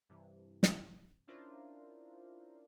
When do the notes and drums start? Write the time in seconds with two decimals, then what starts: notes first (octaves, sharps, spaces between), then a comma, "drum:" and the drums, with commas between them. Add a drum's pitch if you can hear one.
0.09 G2 C3 E3
0.63 drum: snare
1.27 C#4 D4 E4 F4 A#4 C5